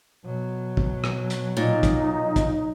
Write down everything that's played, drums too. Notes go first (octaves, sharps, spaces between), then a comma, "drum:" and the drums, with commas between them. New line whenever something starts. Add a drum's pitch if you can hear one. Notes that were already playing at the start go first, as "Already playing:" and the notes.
B2 F#3
drum: kick
drum: rim click
drum: hi-hat
A#2 D#4
drum: kick, hi-hat
drum: kick, hi-hat